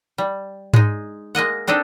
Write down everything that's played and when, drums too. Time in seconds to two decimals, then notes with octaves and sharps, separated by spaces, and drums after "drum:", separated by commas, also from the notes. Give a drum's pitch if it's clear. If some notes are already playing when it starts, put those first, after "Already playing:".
0.18 G3
0.74 G#3 D#4, drum: tom G#2
1.35 G#3 A#3 D#5 F#5
1.67 C4 D4 D#4 G4 A4